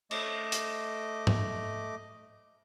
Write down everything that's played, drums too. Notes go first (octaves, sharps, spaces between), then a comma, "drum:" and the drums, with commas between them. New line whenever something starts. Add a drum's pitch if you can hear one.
A3 D#5 D6, drum: cymbal
drum: hi-hat
drum: tom G#2